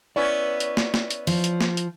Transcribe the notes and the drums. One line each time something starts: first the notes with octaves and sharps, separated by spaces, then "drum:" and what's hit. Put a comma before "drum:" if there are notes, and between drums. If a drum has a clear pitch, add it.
B3 C#4 E4 D5
drum: hi-hat
drum: snare
drum: snare
drum: hi-hat
F3, drum: open hi-hat
drum: hi-hat
drum: snare
drum: hi-hat